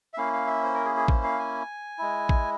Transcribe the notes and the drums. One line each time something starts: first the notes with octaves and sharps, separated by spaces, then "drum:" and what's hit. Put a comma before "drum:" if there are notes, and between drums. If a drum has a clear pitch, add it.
E5
A#3 C#4 E4 F5
F5
E5
C5
A#4
G#4
G#4
C5, drum: kick
F5
G#5
G#3 E4
drum: kick